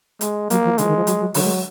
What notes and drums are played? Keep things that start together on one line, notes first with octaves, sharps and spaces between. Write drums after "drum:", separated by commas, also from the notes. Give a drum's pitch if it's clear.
G#3, drum: hi-hat
F#3 A#3, drum: hi-hat
F3
D3 G#3, drum: hi-hat
F3
D#3
F3
F#3, drum: hi-hat
F#3
D3 F#3, drum: open hi-hat
G#3